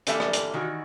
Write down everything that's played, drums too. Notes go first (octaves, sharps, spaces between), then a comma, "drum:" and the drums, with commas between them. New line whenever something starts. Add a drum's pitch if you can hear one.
D3 E3 G3 A#3 A4 E5, drum: hi-hat
drum: rim click
drum: hi-hat
D#3 E3 F#4